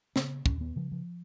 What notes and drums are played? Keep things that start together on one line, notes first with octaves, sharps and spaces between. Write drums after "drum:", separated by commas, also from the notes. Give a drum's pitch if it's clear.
C#3 B3, drum: snare
D#2 C#4, drum: kick
B3
C#3 F3
F3